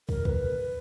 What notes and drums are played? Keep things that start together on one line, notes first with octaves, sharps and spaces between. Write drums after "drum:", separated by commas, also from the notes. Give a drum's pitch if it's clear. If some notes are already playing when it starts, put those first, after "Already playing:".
A#4, drum: kick
B4, drum: kick